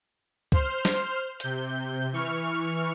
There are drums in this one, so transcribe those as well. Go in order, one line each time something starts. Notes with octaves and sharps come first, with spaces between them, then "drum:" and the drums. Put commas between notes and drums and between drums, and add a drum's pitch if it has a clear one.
C5 C6 F6, drum: kick
drum: snare
C3 G6, drum: hi-hat
E3 C#6 F6